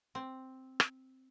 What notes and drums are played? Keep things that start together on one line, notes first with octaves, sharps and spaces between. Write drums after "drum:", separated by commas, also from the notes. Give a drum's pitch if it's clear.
C4
drum: rim click